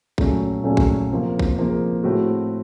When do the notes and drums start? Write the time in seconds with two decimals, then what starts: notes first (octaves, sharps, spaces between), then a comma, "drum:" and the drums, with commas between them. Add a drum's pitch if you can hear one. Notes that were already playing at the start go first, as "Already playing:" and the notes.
0.18 A#2 F#3 A3 C#4, drum: kick A#1
0.64 A#2 F#3 A3 C#4
0.77 drum: kick A#1
1.11 C3 F3 A#3
1.39 drum: kick A#1
1.58 C3 F3 A#3
2.03 A2 A3 C4 F#4